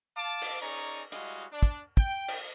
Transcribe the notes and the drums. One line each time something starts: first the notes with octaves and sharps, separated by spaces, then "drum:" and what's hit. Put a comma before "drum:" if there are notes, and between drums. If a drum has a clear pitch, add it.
F5 A5 D6
drum: cymbal
C#4 D#4 G#4 D5 A#5 C#6
G3 G#3 E4 F#4 D#5 F5, drum: hi-hat
D4
drum: kick
G5, drum: kick
drum: cymbal